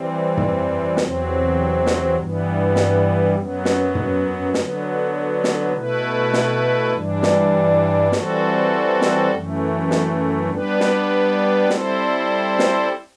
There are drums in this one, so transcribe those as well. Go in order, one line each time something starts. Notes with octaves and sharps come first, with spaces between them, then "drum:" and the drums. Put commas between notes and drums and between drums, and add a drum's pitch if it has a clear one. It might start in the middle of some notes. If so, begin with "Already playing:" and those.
Already playing: E3 G3 C4
drum: tom
E2 C3 F#3 C4, drum: snare
drum: snare
G2 E3 G3 B3
drum: snare
F#2 F#3 B3
drum: snare
drum: tom
D3 F#3 B3, drum: snare
drum: snare
B2 A3 E4 B4
drum: snare
G2 E3 G3 D4
drum: snare
E3 G3 C4 F#4 A4, drum: snare
drum: snare
F#2 E3 A3
drum: snare
G3 B3 D4 G4 B4
drum: snare
G3 C4 E4 A4 C5, drum: snare
drum: snare